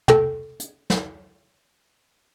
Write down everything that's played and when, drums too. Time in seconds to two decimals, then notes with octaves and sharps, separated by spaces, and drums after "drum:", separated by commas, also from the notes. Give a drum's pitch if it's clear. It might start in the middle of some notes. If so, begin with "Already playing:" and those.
0.08 A4 G5, drum: tom
0.60 drum: hi-hat
0.90 drum: snare